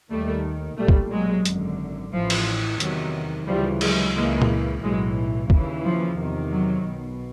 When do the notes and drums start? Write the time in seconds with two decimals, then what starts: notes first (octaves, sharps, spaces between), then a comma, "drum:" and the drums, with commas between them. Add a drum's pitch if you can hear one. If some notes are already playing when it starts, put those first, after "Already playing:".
0.10 D#2 D#3 G3 A3
0.77 B1 A#2 G3 A3
0.88 drum: kick
1.11 F#3 G#3
1.45 G#1 F#2 D3, drum: hi-hat
2.13 A1 A2 E3 F3
2.30 drum: cymbal
2.80 E2 C3 D#3 F#3, drum: hi-hat
3.47 D2 C#3 E3 F3 G3
3.81 F#3 G#3, drum: cymbal
4.15 C#2 C#3 E3 G#3 A#3
4.42 drum: tom A#2
4.82 B1 A2 E3 F#3 G#3
5.50 D#2 C#3 E3, drum: kick
5.84 F3
6.17 E2 C3 D#3
6.52 F#3
6.85 B1 B2